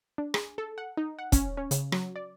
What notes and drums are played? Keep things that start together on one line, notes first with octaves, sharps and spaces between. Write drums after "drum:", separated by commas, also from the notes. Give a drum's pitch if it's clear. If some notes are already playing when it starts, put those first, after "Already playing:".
D4
G#4, drum: rim click
A4
F#5
D#4
F#5
C#4, drum: kick, hi-hat
C#4
C#3, drum: hi-hat
F#3, drum: rim click
D5